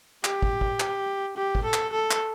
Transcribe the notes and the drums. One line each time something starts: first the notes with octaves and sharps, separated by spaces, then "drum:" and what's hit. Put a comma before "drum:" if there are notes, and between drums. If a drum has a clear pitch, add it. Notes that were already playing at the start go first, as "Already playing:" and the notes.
G4, drum: clap
drum: kick
drum: kick
drum: clap
G4
drum: kick
A4
drum: clap
A4
drum: clap